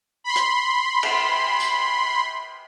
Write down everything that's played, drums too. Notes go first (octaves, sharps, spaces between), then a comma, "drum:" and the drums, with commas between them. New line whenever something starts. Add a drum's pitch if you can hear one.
B5 C6
drum: hi-hat
drum: cymbal
drum: tambourine